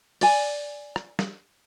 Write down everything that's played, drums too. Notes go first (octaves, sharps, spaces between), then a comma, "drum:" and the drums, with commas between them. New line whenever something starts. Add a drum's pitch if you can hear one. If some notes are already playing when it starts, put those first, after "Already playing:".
D5 G#5, drum: open hi-hat
drum: rim click
drum: snare